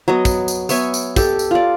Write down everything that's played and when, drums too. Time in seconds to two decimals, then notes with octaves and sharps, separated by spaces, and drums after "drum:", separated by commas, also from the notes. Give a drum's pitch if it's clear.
0.08 F#3 B3 D#5
0.25 drum: kick, tambourine
0.48 drum: tambourine
0.69 B3 C#5 E5 G#5, drum: tambourine
0.94 drum: tambourine
1.16 G4 A4, drum: kick, tambourine
1.39 drum: tambourine
1.51 F4 D5